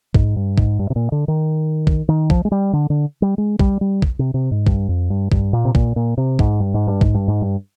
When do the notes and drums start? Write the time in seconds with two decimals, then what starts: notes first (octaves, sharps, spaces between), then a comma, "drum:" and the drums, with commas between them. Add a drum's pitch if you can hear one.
0.15 G#2, drum: kick
0.36 G2
0.58 G#2, drum: kick
0.79 G2
0.90 C3
0.96 A#2
1.12 D3
1.28 D#3
1.87 drum: kick
2.09 D#3
2.30 F3, drum: kick
2.45 G#3
2.52 G3
2.73 D3
2.90 D3
3.22 G3
3.38 G#3
3.59 G3, drum: kick
3.81 G3
4.02 drum: kick
4.19 C3
4.34 C3
4.51 G#2
4.67 G2, drum: kick
4.89 F2
5.10 G2
5.32 G2, drum: kick
5.53 A#2
5.65 C3
5.75 A#2, drum: kick
5.96 A#2
6.18 C3
6.39 G#2, drum: kick
6.60 G2
6.74 G#2
6.87 G2
7.01 G#2, drum: kick
7.15 G2
7.28 G#2
7.42 G2